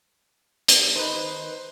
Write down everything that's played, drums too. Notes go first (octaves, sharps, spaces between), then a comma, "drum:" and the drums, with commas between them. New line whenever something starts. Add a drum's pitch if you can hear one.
drum: hi-hat
D#3 D#4 B4 C5